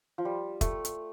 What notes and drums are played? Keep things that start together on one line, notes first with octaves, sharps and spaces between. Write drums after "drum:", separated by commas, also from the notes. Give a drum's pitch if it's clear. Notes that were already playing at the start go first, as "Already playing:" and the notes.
F3
G3
A3, drum: kick, hi-hat
drum: hi-hat